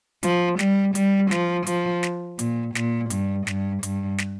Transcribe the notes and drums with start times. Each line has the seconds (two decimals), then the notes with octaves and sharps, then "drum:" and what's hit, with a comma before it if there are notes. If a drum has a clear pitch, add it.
0.23 F3, drum: hi-hat
0.59 G3, drum: snare
0.95 G3, drum: hi-hat
1.31 F3, drum: snare
1.67 F3, drum: hi-hat
2.03 drum: snare
2.39 A#2, drum: hi-hat
2.75 A#2, drum: snare
3.10 G2, drum: hi-hat
3.47 G2, drum: snare
3.83 G2, drum: hi-hat
4.19 drum: snare